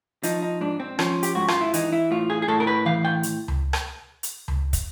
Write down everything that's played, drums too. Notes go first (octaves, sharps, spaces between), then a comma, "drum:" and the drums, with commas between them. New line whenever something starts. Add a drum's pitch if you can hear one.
F3 D#4, drum: hi-hat
D#4
G#2 D4
C4
F3 C#4, drum: rim click
G4, drum: hi-hat
G#2 F#4
F4, drum: rim click
E4
E3 D#4, drum: hi-hat
E4
A2 F4
G#4
G#4
A2 A4
A#4
B4
E3 F5
G5
drum: hi-hat
drum: tom C#2
drum: rim click
drum: hi-hat
drum: tom C#2
drum: kick, hi-hat